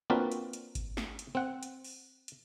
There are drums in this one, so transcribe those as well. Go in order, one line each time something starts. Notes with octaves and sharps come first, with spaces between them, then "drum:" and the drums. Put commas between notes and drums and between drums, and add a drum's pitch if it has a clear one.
A#3 C4 D4 F4 F#4 B4
drum: hi-hat
drum: hi-hat
drum: kick G#1, hi-hat
drum: snare
drum: hi-hat
C4 F#5
drum: hi-hat
drum: open hi-hat
drum: hi-hat